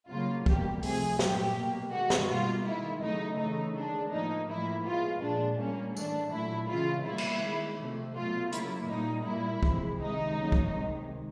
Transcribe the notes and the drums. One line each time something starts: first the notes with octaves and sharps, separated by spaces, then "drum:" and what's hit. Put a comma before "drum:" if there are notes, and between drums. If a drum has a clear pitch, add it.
C#3 F#3 A#3 F4
B2 G3 A#3 G4, drum: kick
C3 F3 A3 G#4, drum: open hi-hat
A#2 F#3 A3 G4, drum: snare
B2 F#3 A#3
D#3 G#3 F#4
drum: snare
B2 G3 A#3 F4
D#3 G#3 E4
C#3 F#3 A3 D#4
C#3 E3 A3 D#4
D#3 G#3 D4
A2 F3 A#3 D#4
A2 F3 A#3 E4
B2 G#3 F4
A#2 F3 G#3 D4
A#2 G3 A#3 C#4
A2 E3 A3 D4, drum: tambourine
A#2 F#3 A3 E4
C#3 E3 G#3 F4
B2 G3 A#3 E4
drum: cymbal
D#3 G#3
C3 F3 A3
B2 F#3 A3 F4
C#3 F#3 A#3 E4, drum: hi-hat
A#2 G3 A#3 D#4
A#2 G3 A#3 E4
C3 F3 G#3, drum: kick
C3 D#3 G#3 D#4
C#3 F#3 A#3
drum: kick
C3 D#3 G#3